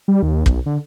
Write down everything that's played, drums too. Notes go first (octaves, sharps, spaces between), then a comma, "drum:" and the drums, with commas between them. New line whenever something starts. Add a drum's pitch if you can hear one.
G3
D#2
B1, drum: kick
D3